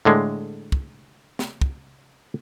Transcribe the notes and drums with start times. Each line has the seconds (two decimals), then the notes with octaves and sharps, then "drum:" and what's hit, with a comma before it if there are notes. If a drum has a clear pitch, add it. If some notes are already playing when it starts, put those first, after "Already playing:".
0.05 A2 D3 G#3
0.72 drum: kick
1.39 drum: snare
1.61 drum: kick